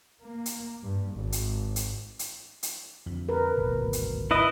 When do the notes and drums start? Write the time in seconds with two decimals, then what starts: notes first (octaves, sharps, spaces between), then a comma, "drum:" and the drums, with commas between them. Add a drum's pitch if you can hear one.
0.23 A#3
0.46 drum: hi-hat
0.83 G2
1.14 G#1
1.32 drum: hi-hat
1.76 drum: hi-hat
2.19 drum: hi-hat
2.63 drum: hi-hat
3.06 F2 D3
3.29 A#4 B4
3.57 D1 G#1 B2
3.93 drum: hi-hat
4.31 E4 B4 D#5